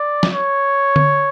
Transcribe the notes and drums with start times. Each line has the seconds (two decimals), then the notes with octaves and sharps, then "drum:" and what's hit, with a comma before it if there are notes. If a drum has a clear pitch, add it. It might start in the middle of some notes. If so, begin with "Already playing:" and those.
Already playing: D5
0.23 drum: snare
0.33 C#5
0.96 drum: tom D3